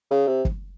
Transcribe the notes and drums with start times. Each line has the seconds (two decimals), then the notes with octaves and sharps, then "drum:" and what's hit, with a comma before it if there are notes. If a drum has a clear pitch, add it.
0.11 C#3
0.27 C3
0.45 drum: kick